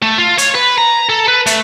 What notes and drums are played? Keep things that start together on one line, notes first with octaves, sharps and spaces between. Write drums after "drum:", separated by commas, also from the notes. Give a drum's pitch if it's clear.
A3
F4
C#5, drum: hi-hat
B4
A#5
A4
B4
A3, drum: hi-hat